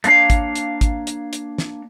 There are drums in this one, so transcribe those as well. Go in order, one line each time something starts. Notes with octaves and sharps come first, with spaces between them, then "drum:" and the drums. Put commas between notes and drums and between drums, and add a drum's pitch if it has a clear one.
A3 A#3 D4 C#5 F5, drum: hi-hat
drum: kick G#1, hi-hat
drum: hi-hat
drum: kick G#1, hi-hat
drum: hi-hat
drum: hi-hat
drum: snare